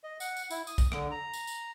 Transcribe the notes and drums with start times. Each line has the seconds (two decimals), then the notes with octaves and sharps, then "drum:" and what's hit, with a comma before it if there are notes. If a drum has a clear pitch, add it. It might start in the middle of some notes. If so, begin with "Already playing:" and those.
0.04 D#5
0.20 F#5, drum: tambourine
0.37 drum: tambourine
0.50 E4, drum: tambourine
0.67 D#6, drum: tambourine
0.78 drum: kick B1, tambourine
0.92 D3, drum: rim click
1.11 A#5
1.33 drum: tambourine
1.47 drum: tambourine